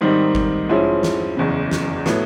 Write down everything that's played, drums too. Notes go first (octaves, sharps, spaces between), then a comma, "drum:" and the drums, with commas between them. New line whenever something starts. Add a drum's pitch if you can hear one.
G#2 D#3 G3 C4 D#4
drum: kick G1
G#2 F3 G#3 C#4 E4
drum: snare
F#1 E2 C#3
drum: snare
A2 F#3 B3, drum: snare